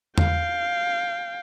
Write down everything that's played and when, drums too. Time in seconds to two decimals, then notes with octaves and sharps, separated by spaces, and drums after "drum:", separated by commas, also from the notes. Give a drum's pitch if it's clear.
0.18 F5 G5, drum: tom E2